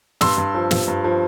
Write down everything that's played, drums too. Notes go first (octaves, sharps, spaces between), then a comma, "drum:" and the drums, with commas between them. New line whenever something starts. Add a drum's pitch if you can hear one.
G2 C6 E6, drum: snare
G2
F3
G2, drum: snare
G2
F3